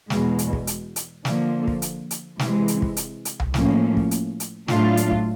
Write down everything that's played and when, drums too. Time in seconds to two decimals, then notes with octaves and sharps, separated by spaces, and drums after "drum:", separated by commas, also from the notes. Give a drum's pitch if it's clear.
0.10 E2 B2 G#3, drum: snare
0.39 drum: hi-hat
0.53 drum: kick
0.67 drum: hi-hat
0.96 drum: hi-hat
1.25 D3 F3 A#3, drum: snare
1.68 drum: kick
1.82 drum: hi-hat
2.11 drum: hi-hat
2.39 C3 E3 G#3, drum: snare
2.68 drum: hi-hat
2.82 drum: kick
2.97 drum: hi-hat
3.25 drum: hi-hat
3.40 drum: tom C2
3.54 A2 F3 A#3 C#4, drum: snare
3.97 drum: kick
4.11 drum: hi-hat
4.40 drum: hi-hat
4.68 A2 F#3 A3 D4 F4, drum: snare
4.97 drum: hi-hat
5.12 drum: kick